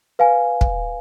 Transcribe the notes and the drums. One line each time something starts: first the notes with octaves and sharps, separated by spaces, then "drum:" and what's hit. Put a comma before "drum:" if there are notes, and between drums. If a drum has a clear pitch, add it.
B4 F5 G#5
drum: kick